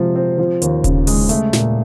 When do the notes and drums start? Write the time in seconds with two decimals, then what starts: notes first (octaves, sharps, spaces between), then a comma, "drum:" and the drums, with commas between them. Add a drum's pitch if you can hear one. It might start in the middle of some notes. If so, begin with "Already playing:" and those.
Already playing: C3 F3 G#3
0.16 C4
0.38 F3
0.62 D#2, drum: hi-hat
0.84 C#3, drum: kick D#1, hi-hat
1.07 G#3, drum: open hi-hat
1.29 A3, drum: hi-hat
1.53 A#2, drum: snare